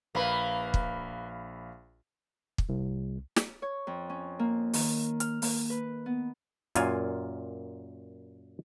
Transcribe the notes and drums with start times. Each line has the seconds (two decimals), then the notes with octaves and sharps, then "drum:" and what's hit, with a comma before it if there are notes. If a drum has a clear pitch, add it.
0.15 A#1 A#3 B4 F5 B5
0.74 drum: kick
2.58 drum: kick
2.69 C2
3.36 drum: snare
3.62 C#5
3.87 F2
4.09 C#4
4.39 A#3
4.73 D#3, drum: open hi-hat
5.20 F6, drum: hi-hat
5.42 A#3, drum: open hi-hat
5.70 B4
6.06 B3
6.75 F#2 A#2 F4 F5 G#5, drum: hi-hat